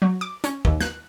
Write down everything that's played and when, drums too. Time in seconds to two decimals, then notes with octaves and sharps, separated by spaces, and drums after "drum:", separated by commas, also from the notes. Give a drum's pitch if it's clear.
0.02 F#3
0.21 D6
0.44 C#4, drum: hi-hat
0.65 D#2, drum: kick
0.81 F#6, drum: snare